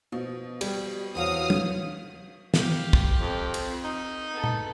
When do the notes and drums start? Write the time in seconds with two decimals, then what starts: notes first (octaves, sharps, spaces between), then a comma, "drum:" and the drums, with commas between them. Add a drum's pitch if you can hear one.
0.12 B2 F3
0.61 G3, drum: cymbal
1.15 E2 C4 F#4 C#5 F5 D#6 F6
1.50 drum: tom
2.54 G4 F5, drum: snare
2.93 drum: kick
3.21 F2
3.54 C4, drum: cymbal
3.84 D#4
4.31 B3 A4
4.44 drum: tom